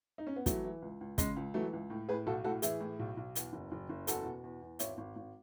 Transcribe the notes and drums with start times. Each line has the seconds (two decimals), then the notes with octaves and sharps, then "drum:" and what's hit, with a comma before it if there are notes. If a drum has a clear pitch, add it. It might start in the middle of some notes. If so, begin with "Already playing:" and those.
0.18 D#4
0.27 C#4
0.36 B3
0.46 E3 F#3 A3, drum: kick, hi-hat
0.64 E3
0.82 C#2
1.01 C#2
1.18 C#3 G#3, drum: kick, hi-hat
1.36 C#2
1.54 E3 F#3 A3
1.73 C#2
1.90 A2
2.09 A2 G#4 B4
2.26 B1 F#4 A4
2.44 A2 F#4 A4
2.62 E3 E4 G#4, drum: hi-hat
2.80 A2
2.99 B1
3.17 B1
3.35 E2, drum: hi-hat
3.53 F#1
3.72 F#1
3.89 F#1
4.07 E2 F#4 A4, drum: hi-hat
4.26 B2
4.44 E2
4.62 E2
4.79 G#1 C#5 E5, drum: hi-hat
4.98 G#1
5.16 G#1